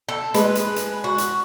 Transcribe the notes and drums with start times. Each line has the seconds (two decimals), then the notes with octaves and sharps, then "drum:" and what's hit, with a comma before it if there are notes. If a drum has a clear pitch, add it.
0.09 A4
0.34 G#3 B4, drum: hi-hat
0.55 drum: hi-hat
0.76 drum: hi-hat
1.04 F#4
1.18 drum: hi-hat